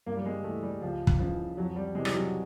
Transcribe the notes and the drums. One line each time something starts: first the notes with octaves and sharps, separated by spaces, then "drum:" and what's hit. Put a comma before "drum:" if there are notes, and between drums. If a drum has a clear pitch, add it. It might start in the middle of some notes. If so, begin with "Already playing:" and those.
G2 A#3
G3
G#3
E3 A3
G3
C#2 F3
drum: kick
C#3 E3 F3
F2 F#3
G3
C3 E3 G#3
G3, drum: rim click
F#3